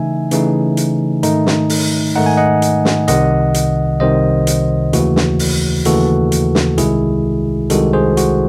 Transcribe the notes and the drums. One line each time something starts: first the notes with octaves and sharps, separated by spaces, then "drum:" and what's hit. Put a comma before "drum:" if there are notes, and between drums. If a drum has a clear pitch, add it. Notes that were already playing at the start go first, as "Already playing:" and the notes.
Already playing: C#3 E3 A3 D#4 E5 G#5
C#3 E3 A3 D#4, drum: hi-hat
drum: hi-hat
G#2 D#3 A3 D#4, drum: hi-hat
drum: snare
drum: open hi-hat
G#2 D#3 A3 D#4 F#5
G#5
D#5 F#5
drum: hi-hat
drum: snare
C2 C3 D#3 D#5 F#5, drum: hi-hat
drum: hi-hat
C2 C3 D#3 C5 D#5
drum: hi-hat
D#2 C#3 E3 A3 F#4, drum: hi-hat
drum: snare
drum: open hi-hat
D#2 C#3 E3 A3 F#4 A4, drum: hi-hat
drum: hi-hat
drum: snare
C2 C3 D#3 G#3 E4 G#4, drum: hi-hat
C2 C3 D#3 G#3 F#4 A4, drum: hi-hat
G#4 C5
F#4, drum: hi-hat